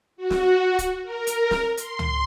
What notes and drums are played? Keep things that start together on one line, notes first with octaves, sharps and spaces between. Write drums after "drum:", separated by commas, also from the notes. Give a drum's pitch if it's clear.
F#4
drum: snare
drum: kick, hi-hat
A#4
drum: hi-hat
drum: snare
C6, drum: hi-hat
drum: tom C#2